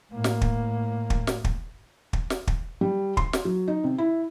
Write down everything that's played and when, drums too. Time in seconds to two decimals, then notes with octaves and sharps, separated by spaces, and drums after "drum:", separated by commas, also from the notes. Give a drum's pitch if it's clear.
0.11 A2 A#3
0.24 drum: snare
0.41 drum: kick
1.10 drum: kick
1.27 drum: snare
1.44 drum: kick
2.13 drum: kick
2.30 drum: snare
2.47 drum: kick
2.81 G3
3.17 C6, drum: kick
3.33 drum: snare
3.45 F#3
3.68 D#4
3.84 C3
3.98 E4